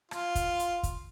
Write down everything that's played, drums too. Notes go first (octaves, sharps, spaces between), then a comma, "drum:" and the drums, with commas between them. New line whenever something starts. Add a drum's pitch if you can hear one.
F4, drum: rim click
drum: kick, hi-hat
drum: hi-hat
drum: kick, hi-hat